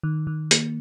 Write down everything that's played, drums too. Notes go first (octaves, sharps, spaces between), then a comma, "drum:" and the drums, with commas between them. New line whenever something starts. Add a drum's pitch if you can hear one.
D#3
D#3
A#3, drum: hi-hat